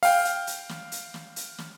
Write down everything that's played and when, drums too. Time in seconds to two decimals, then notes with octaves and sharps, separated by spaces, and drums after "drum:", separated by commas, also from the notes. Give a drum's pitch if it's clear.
0.03 F5 G5, drum: open hi-hat
0.25 drum: hi-hat
0.47 drum: hi-hat
0.69 drum: snare
0.92 drum: hi-hat
1.14 drum: snare
1.36 drum: hi-hat
1.58 drum: snare